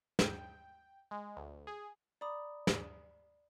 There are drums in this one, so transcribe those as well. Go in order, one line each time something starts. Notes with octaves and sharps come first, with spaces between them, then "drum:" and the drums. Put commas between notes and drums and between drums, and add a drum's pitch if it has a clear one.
G5, drum: snare
G#3
D2
G#4
D5 A#5 B5 D6 D#6
drum: snare